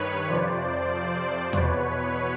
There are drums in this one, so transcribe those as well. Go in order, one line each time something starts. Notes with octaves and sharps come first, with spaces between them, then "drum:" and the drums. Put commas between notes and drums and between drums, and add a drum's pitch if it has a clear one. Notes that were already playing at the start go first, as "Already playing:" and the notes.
Already playing: G2 D#3 B4 C#5
F2 C3 F3 C5 D5
E2 B2 B4 C#5, drum: tom E2